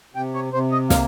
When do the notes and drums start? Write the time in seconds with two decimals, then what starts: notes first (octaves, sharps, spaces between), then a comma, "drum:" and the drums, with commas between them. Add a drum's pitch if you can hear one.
0.15 C3 G5
0.34 C#5
0.53 C3 C5
0.72 D#5
0.90 A#3 F5, drum: snare